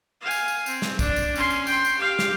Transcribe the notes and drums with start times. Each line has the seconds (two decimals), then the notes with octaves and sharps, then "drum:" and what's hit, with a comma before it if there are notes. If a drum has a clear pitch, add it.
0.21 F5 G#5
0.31 drum: tambourine
0.48 drum: tambourine
0.66 C4, drum: tambourine
0.82 drum: snare
0.99 D4, drum: kick, tambourine
1.16 drum: tambourine
1.36 C#4 C6, drum: tambourine
1.50 drum: tambourine
1.67 G5 C6, drum: tambourine
1.85 drum: tambourine
1.98 G4 F5
2.19 drum: snare